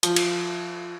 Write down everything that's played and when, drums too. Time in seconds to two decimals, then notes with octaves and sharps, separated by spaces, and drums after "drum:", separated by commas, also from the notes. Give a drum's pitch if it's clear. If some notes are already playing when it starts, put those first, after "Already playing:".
0.03 F3, drum: hi-hat
0.16 drum: cymbal